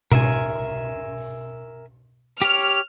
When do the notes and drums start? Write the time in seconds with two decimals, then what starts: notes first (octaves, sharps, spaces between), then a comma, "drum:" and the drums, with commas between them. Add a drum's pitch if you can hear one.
0.12 A#4 E5 G#5, drum: tom B2
2.42 G4 C#5 F6